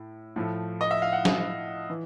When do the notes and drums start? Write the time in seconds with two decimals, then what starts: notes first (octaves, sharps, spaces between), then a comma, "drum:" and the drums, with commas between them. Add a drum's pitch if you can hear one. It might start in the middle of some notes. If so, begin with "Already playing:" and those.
Already playing: A2
0.36 A2 F3 A3
0.81 D#5
0.91 E5
1.02 F5
1.12 F#5
1.25 drum: snare
1.90 E3